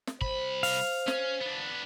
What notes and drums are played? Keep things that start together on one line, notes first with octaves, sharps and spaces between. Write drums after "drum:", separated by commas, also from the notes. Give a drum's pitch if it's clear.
drum: snare
C2 C5 B5, drum: kick
F5, drum: open hi-hat
C#4, drum: snare
B3 D4